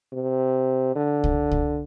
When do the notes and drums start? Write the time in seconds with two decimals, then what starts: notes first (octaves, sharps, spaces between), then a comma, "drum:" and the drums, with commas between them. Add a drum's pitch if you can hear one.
0.13 C3
0.96 D3
1.24 drum: kick C2
1.51 drum: kick C2